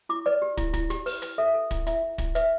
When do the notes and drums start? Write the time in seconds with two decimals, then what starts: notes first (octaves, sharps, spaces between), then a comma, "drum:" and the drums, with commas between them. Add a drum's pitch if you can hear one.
0.09 E4 D6
0.26 B4 D5
0.42 G4
0.57 E4, drum: kick, hi-hat
0.74 E4, drum: kick, hi-hat
0.90 G4, drum: hi-hat
1.06 B4, drum: open hi-hat
1.22 B4, drum: hi-hat
1.38 A4 E5
1.54 A4
1.71 E4, drum: kick, hi-hat
1.87 E4 E5, drum: hi-hat
2.03 E4
2.18 E4, drum: kick, hi-hat
2.35 B4 E5, drum: hi-hat